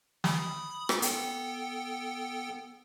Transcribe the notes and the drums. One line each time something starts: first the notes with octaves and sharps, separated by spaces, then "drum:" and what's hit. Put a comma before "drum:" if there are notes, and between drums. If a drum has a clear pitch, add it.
B5 D#6, drum: snare
drum: rim click
B3 A4 G5, drum: hi-hat